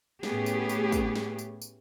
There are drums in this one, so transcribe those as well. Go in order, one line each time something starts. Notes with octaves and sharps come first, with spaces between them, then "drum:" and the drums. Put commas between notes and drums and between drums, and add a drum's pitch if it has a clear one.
A2 A3 B3 C#4 G4 G#4, drum: snare
drum: tambourine
drum: tambourine
drum: kick, tambourine
drum: snare
drum: tambourine
drum: tambourine